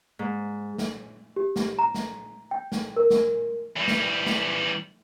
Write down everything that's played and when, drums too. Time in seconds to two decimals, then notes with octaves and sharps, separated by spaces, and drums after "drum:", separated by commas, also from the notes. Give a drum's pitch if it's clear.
0.19 G#2
0.78 drum: snare
1.36 G4
1.56 drum: snare
1.79 A#5
1.94 drum: snare
2.51 G5
2.72 drum: snare
2.96 A#4
3.10 drum: snare
3.77 E2 G3
3.88 drum: snare
4.26 drum: snare